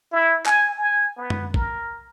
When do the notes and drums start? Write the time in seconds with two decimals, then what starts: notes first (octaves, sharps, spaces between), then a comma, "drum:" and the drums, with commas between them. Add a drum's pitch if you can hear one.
0.12 E4
0.46 G#5, drum: clap
0.78 G#5
1.17 B3
1.30 drum: tom
1.54 A#4, drum: kick